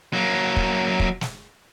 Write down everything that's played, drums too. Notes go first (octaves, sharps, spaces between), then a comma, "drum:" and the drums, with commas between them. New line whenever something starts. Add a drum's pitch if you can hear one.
F#3 A#3
drum: kick
drum: kick
drum: snare